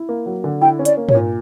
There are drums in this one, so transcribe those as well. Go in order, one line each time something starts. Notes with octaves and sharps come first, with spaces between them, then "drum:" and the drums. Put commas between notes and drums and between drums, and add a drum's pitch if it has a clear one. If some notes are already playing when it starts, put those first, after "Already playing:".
Already playing: E4
A#3
F#3
D3
E4 G5
C#4
D5, drum: hi-hat
A#3
C#5, drum: tom
A#2